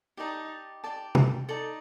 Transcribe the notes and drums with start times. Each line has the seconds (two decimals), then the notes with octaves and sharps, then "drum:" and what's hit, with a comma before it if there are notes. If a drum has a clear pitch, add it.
0.17 D#4 G4 D5 A5
0.84 G4 D5 A5
1.15 drum: tom C3
1.49 D#4 A4 D5 A5